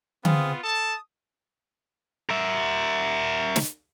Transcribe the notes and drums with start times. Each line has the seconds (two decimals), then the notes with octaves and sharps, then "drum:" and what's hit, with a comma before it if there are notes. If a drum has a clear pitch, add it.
0.25 B3 C4 F4 G#4 F5, drum: tom D3
0.63 A4 A5 D#6
2.30 A#4 E5
3.56 drum: snare